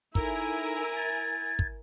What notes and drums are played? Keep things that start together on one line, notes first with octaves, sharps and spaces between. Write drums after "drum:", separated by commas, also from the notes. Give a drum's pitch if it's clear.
D#4 E4 A4 A#4 G#5, drum: kick
G#6 A6
drum: kick